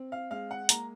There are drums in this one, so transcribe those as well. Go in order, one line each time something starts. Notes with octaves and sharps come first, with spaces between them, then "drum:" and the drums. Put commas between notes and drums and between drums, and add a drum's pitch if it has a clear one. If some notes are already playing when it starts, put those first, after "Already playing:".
Already playing: C4
F5
G#3 F5
F#5
A#3 A#5, drum: hi-hat